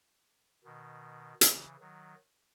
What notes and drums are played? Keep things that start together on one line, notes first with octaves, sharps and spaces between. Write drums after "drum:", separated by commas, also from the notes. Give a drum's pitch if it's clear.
B2 D#3
C#3 E3, drum: hi-hat
D#3 F#3